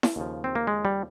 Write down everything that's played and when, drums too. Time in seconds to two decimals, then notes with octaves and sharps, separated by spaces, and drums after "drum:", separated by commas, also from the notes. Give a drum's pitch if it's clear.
0.03 drum: snare E4
0.16 D#2 C#3 F3
0.44 C4
0.55 A#3
0.67 G#3
0.85 G3